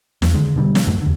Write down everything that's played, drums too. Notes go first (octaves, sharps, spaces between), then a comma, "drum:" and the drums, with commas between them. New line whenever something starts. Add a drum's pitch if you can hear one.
E2, drum: snare
D3 D#3 G#3
B2 D3 G3
drum: snare
A1 F#2 F#3 A3
E2 D3